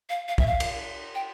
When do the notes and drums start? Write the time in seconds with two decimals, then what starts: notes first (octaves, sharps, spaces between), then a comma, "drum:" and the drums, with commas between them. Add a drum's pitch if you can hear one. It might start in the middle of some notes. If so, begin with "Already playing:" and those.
0.10 F5
0.28 F5
0.38 E5, drum: kick
0.46 F5
0.60 drum: cymbal
1.15 G5